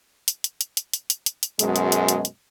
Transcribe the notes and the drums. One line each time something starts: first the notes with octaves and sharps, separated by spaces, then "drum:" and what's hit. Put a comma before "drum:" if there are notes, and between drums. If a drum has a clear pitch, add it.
drum: hi-hat
drum: hi-hat
drum: hi-hat
drum: hi-hat
drum: hi-hat
drum: hi-hat
drum: hi-hat
drum: hi-hat
F#2 B2 G#3, drum: hi-hat
drum: hi-hat
drum: hi-hat
drum: hi-hat
drum: hi-hat